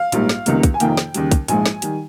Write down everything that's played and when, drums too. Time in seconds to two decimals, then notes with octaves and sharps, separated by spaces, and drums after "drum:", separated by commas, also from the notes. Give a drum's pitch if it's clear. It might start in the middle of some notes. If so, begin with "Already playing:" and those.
Already playing: F5
0.12 A#1 G#2 G3 A#3, drum: hi-hat
0.29 drum: snare
0.46 C#2 C3 D#3 G3 A#3, drum: hi-hat
0.63 drum: kick, hi-hat
0.74 G#5
0.80 F2 C3 D#3 A#3 G5, drum: hi-hat
0.97 drum: snare
1.14 D#2 C#3 G3, drum: hi-hat
1.31 drum: kick, hi-hat
1.48 A#1 G#2 F3 G#3 G#5, drum: hi-hat
1.66 drum: snare
1.82 D#3 G3, drum: hi-hat